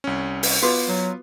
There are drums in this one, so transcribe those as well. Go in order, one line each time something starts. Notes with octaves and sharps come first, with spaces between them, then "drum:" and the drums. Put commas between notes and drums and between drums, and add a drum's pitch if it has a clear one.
C2 C#4
drum: open hi-hat
B3 F4 F#4 B4 D6
F#3